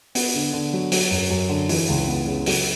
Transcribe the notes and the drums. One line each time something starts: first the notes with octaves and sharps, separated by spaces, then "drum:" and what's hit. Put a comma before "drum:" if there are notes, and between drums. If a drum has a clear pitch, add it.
B3, drum: open hi-hat
D3
D3
F#3
F#3, drum: open hi-hat
F#2
F#2
D3
E3, drum: open hi-hat
C#2
B3
C#3
F#3, drum: open hi-hat